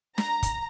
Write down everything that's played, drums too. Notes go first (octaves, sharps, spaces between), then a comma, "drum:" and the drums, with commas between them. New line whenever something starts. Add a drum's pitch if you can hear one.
A#5, drum: snare
drum: kick, hi-hat